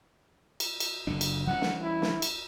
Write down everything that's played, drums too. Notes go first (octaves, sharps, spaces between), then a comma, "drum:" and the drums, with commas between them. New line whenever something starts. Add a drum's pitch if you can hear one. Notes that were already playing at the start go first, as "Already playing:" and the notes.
drum: cymbal
drum: cymbal
F#1 D3 D4
drum: cymbal
E3 G3 C#4 F#5
drum: snare
E4
drum: snare
drum: cymbal